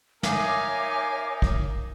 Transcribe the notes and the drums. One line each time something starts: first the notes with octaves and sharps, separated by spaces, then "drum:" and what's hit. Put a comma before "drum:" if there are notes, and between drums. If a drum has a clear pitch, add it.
D#4 A#4 C#5 E5 F5 G#5 D6, drum: snare
drum: kick